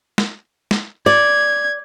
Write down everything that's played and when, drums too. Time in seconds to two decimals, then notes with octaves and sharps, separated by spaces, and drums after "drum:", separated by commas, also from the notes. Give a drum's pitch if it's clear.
0.18 drum: snare
0.71 drum: snare
1.06 D5 G#6